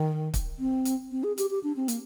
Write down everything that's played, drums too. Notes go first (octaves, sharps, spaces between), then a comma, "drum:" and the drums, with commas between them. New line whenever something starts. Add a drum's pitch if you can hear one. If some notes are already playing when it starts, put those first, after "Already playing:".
Already playing: D#3
drum: kick, hi-hat
C4
drum: hi-hat
C4
G#4
G4, drum: hi-hat
G4
D4
C4
A#3, drum: hi-hat